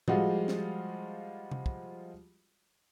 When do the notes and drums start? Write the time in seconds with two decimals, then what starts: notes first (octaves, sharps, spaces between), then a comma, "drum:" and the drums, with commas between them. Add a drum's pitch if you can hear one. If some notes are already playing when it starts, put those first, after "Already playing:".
0.08 F3 G3 G#3 F4 F#4 G#4, drum: tom A2
0.48 drum: snare
1.51 drum: tom C3
1.66 drum: kick